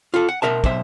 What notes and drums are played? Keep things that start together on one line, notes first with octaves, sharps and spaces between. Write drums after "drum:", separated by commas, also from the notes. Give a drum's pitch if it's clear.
F4 A4
F#5
B2 E3 A#4 E5 A5
B1 C5 E5, drum: kick